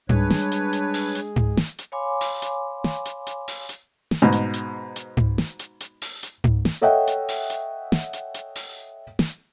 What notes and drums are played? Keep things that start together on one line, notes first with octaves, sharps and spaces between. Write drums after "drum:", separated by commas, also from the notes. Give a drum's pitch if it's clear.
G3 G#3 D4 G#4 B4 C#5, drum: tom G#2
drum: snare
drum: hi-hat
drum: hi-hat
drum: open hi-hat
drum: hi-hat
drum: tom G#2
drum: snare
drum: hi-hat
C#5 F5 G#5 B5 C6 D6
drum: open hi-hat
drum: hi-hat
drum: snare
drum: hi-hat
drum: hi-hat
drum: open hi-hat
drum: hi-hat
drum: snare
G#2 B2
drum: hi-hat
drum: hi-hat
drum: hi-hat
drum: tom G#2
drum: snare
drum: hi-hat
drum: hi-hat
drum: open hi-hat
drum: hi-hat
drum: tom G#2
drum: snare
A4 C#5 D#5 E5 F#5 G5
drum: hi-hat
drum: open hi-hat
drum: hi-hat
drum: snare
drum: hi-hat
drum: hi-hat
drum: open hi-hat
drum: snare